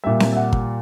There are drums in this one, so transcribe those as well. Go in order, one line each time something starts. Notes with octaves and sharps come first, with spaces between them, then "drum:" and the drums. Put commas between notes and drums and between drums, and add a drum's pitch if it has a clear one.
A#2 G3 E5
drum: snare C4
E5
F#5
drum: kick